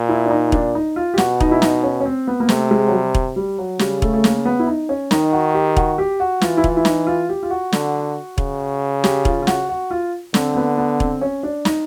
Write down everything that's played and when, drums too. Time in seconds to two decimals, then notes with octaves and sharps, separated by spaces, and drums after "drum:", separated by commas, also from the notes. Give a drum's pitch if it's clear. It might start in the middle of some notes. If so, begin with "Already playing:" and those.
Already playing: A#2
0.09 E4
0.26 D4
0.30 D#4
0.47 D#4
0.52 D4, drum: kick E1
0.75 D#4
0.96 F4
1.14 G4
1.18 B2 F#4, drum: snare
1.40 D#4, drum: kick E1
1.51 E4
1.62 D#4, drum: snare
1.83 C#4
2.00 C#4
2.05 C4
2.27 B3
2.40 A#3
2.49 C3 A3, drum: snare
2.71 G#3
2.88 F#3
2.92 G3
3.15 drum: kick E1
3.36 G3
3.58 F#3
3.79 C#3 G3, drum: snare
4.02 A3, drum: kick E1
4.13 A3
4.24 A#3, drum: snare
4.45 B3
4.59 E4
4.67 D#4
4.89 C#4
5.11 D#3 D#4, drum: snare
5.32 F#4
5.55 G4
5.77 F#4, drum: kick E1
5.98 G4
6.20 F#4
6.41 E3 F4, drum: snare
6.57 E4
6.64 F4, drum: kick E1
6.77 E4
6.85 D#4, drum: snare
7.07 F4
7.29 G4
7.43 F4
7.50 F#4
7.72 D3, drum: snare
8.38 C#3, drum: kick E1
9.04 G4, drum: snare
9.25 F4, drum: kick E1
9.42 F4
9.47 F#4, drum: snare
9.69 F#4
9.91 F4
10.34 D3 C4, drum: snare
10.52 C4
10.56 B3
10.78 B3
11.00 C4, drum: kick E1
11.21 C#4
11.43 D4
11.65 D#4, drum: snare